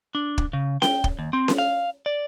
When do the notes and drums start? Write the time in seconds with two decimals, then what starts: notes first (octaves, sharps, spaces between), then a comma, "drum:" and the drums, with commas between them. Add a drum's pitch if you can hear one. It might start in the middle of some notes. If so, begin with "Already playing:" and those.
0.15 D4
0.38 drum: kick
0.53 C#3
0.82 G5, drum: snare C#4
1.04 drum: kick
1.19 D#2
1.33 C4
1.48 drum: snare C#4
1.58 F5
2.06 D5